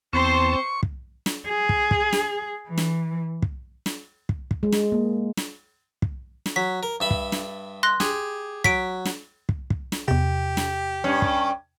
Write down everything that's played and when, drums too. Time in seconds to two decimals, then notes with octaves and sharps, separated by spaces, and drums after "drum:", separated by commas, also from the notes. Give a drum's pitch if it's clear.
0.13 E2 C4 C5 A5 C6 C#6
0.83 drum: kick
1.26 drum: snare
1.48 G#4
1.69 drum: kick
1.91 drum: kick
2.13 drum: snare
2.68 E3
2.78 drum: snare
3.42 drum: kick
3.86 drum: snare
4.29 drum: kick
4.51 drum: kick
4.63 G#3
4.72 drum: snare
4.92 A#3
5.37 drum: snare
6.02 drum: kick
6.46 drum: snare
6.56 F#3 B6
6.83 A#4
7.00 G2 E5 B5
7.11 drum: kick
7.32 drum: snare
7.83 C6 F#6 A#6
8.00 G4 G#4, drum: snare
8.64 F#3 B6 D7, drum: kick
9.05 drum: snare
9.49 drum: kick
9.70 drum: kick
9.92 drum: snare
10.08 E2 C3 G4
10.57 drum: snare
11.04 G2 C#4
11.22 drum: kick